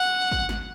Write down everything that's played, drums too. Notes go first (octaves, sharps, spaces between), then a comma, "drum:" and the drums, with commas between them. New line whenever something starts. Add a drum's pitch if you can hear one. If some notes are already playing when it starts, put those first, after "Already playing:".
Already playing: F#5
drum: kick
drum: snare